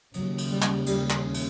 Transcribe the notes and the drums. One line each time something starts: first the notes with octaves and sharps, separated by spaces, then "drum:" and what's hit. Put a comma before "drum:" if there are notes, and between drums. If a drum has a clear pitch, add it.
D#2 C#3 F#3, drum: cymbal
drum: cymbal
G3
drum: clap
G3, drum: cymbal
drum: clap
drum: cymbal